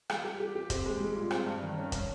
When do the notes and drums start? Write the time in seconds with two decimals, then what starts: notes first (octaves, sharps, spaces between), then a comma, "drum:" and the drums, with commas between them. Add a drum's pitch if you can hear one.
0.10 G3, drum: rim click
0.24 G4
0.40 G4
0.55 G4
0.70 C4, drum: kick, hi-hat
0.86 G#3
1.00 G3
1.16 A#2
1.31 C4, drum: rim click
1.46 G2
1.62 D#3
1.77 C#4
1.92 C#4, drum: kick, hi-hat